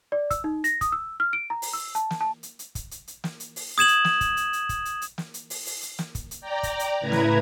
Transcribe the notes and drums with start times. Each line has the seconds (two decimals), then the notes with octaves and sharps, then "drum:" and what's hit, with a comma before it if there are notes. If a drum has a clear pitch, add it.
0.12 D5
0.31 E6, drum: kick, hi-hat
0.44 D#4
0.64 A#6, drum: hi-hat
0.81 D#6, drum: kick, hi-hat
0.92 E6
1.20 F6
1.33 D7
1.50 A#5
1.62 drum: open hi-hat
1.73 E6
1.95 A5, drum: hi-hat
2.10 drum: snare
2.21 A5
2.43 drum: hi-hat
2.59 drum: hi-hat
2.75 drum: kick, hi-hat
2.91 drum: hi-hat
3.08 drum: hi-hat
3.24 drum: snare
3.40 drum: hi-hat
3.56 drum: open hi-hat
3.78 D#6 G#6 E7 F#7
3.88 drum: hi-hat
4.05 drum: snare
4.21 drum: kick, hi-hat
4.37 drum: hi-hat
4.53 drum: hi-hat
4.69 drum: kick, hi-hat
4.85 drum: hi-hat
5.02 drum: hi-hat
5.18 drum: snare
5.34 drum: hi-hat
5.50 drum: open hi-hat
5.66 drum: open hi-hat
5.82 drum: hi-hat
5.99 drum: snare
6.15 drum: kick, hi-hat
6.31 drum: hi-hat
6.40 D5 G5 A#5
6.63 drum: kick, hi-hat
6.79 drum: hi-hat
7.01 A2 C#3 E4 B4 A#5 G#6
7.12 drum: snare